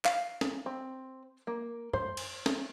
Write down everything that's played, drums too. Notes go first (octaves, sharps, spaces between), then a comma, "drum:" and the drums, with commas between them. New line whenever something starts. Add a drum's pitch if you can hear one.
F5, drum: clap
drum: snare
C4
A#3
C5, drum: tom F#2
drum: cymbal
drum: snare